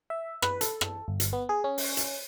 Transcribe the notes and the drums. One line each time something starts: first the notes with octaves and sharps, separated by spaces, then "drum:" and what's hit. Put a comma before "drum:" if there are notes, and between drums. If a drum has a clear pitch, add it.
E5
B4, drum: rim click
A4, drum: hi-hat
drum: rim click
G1
drum: hi-hat
B3
G#4
C#4
drum: open hi-hat
drum: hi-hat